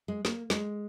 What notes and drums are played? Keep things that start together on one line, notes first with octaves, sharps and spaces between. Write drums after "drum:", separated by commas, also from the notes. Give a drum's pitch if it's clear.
G#3
A#3, drum: snare
G#3, drum: snare